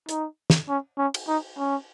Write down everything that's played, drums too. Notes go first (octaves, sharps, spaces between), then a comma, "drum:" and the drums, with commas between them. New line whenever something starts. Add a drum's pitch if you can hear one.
D#4, drum: hi-hat
drum: snare
C#4
C#4
drum: cymbal
D#4
C#4